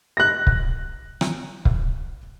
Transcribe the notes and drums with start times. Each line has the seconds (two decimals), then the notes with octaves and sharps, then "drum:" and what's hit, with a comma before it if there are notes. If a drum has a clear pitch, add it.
0.17 F#6 A#6
0.47 drum: kick
1.21 drum: rim click
1.65 drum: kick